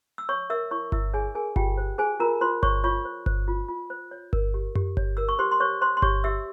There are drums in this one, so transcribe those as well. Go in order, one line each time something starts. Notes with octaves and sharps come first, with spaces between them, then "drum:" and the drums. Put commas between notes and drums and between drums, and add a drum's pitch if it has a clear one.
E6
C#5 C#6
A#4 E5 E6
E4 C#5 C#6
E4 E5 E6, drum: kick G1
G#4 C#5 G#5
G#4 A#4 G#5
F4 G4 G5, drum: kick G1
C5
G#4 C5 G#5
F4 A#4 A#5
F4 C5 C6
C5 C#5 C#6, drum: kick G1
F4 C#5 C#6
C5
C5, drum: kick G1
F4
F4
C5
C#5
A#4, drum: kick G1
G4
G4, drum: tom F#2
C#5, drum: kick G1
A#4 E6
C#6
G4 C5 C6
C6
C5 C#5 C#6
C5 C6
C6
G4 C#5 C#6, drum: kick G1
G4 E5 E6